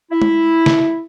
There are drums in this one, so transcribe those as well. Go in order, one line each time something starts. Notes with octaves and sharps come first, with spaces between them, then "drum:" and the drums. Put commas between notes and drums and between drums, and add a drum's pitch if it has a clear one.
E4
drum: tom
drum: snare